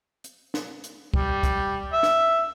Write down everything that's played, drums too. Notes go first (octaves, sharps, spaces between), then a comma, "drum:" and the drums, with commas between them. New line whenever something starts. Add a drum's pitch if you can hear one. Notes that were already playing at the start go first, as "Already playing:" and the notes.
drum: hi-hat
drum: snare
drum: hi-hat
G3, drum: kick
drum: kick, hi-hat
E5
drum: snare